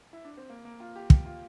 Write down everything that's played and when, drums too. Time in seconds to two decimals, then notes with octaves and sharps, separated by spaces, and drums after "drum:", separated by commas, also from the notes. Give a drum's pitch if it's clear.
0.13 E4
0.25 D4
0.37 C4
0.50 A#3
0.65 A#3
0.80 F4
0.96 G4
1.10 G4, drum: kick
1.26 F4